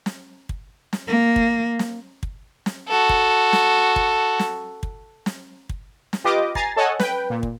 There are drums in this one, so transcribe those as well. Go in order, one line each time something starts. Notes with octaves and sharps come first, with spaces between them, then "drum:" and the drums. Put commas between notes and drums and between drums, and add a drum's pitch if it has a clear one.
drum: snare
drum: kick
drum: snare
A#3
drum: kick
drum: snare
drum: kick
drum: snare
F#4 A4
drum: kick
drum: snare
drum: kick
drum: snare
drum: kick
drum: snare
drum: kick
drum: snare
F4 G4 B4 D#5 D6
G#5 A#5 A6 C7, drum: kick
A4 C#5 D#5 F#5 G#5 A5
B4 G5, drum: snare
A#2
drum: kick